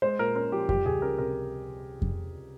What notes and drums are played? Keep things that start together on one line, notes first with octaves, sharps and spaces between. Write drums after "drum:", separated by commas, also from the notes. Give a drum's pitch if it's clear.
G#3 C5
A#2 A#4
C#4 A#4
F3 G4
G3 G4, drum: kick F2
C#2 G#4
C#4 A#4
C3 A#4
drum: kick F2